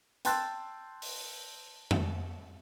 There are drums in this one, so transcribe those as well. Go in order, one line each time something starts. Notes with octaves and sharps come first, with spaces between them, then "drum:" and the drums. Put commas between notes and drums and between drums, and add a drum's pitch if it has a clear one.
G5 A5 C6 E6 F#6 A6, drum: hi-hat
drum: open hi-hat
drum: tom F2